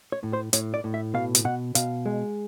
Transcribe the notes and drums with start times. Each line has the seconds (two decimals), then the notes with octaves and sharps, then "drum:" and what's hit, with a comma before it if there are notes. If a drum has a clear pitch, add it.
0.12 C#5
0.23 A2
0.33 C5
0.53 A2 C#5, drum: hi-hat
0.74 D5
0.84 A2
0.94 E5
1.14 B2 F5
1.35 drum: hi-hat
1.45 B2 F#5
1.75 B2 F5, drum: hi-hat
2.06 G#3